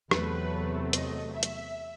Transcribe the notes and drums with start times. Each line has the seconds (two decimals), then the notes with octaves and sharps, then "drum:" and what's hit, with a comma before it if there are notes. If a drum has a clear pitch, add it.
0.11 E2 C3 F#3 A3 B4, drum: rim click
0.93 D#5, drum: hi-hat
1.33 E5
1.43 drum: hi-hat